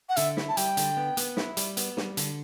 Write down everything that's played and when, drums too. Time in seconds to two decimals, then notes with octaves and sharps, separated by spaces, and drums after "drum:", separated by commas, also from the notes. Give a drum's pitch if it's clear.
0.09 F#5
0.17 D3 E5, drum: hi-hat
0.37 E4, drum: snare
0.49 A5
0.57 G3 G5, drum: hi-hat
0.77 D3, drum: hi-hat
0.97 B3
1.17 B3, drum: hi-hat
1.37 E4, drum: snare
1.57 G3, drum: hi-hat
1.77 B3, drum: hi-hat
1.97 G3, drum: snare
2.17 D3, drum: hi-hat